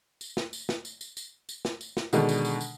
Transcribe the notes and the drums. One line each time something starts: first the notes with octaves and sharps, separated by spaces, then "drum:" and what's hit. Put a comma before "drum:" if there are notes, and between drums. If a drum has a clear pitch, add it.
drum: tambourine
drum: snare
drum: tambourine
drum: snare
drum: tambourine
drum: tambourine
drum: tambourine
drum: tambourine
drum: snare
drum: tambourine
drum: snare
B2 D3 D#3 G#3 D4, drum: tambourine
drum: tambourine
drum: tambourine
drum: tambourine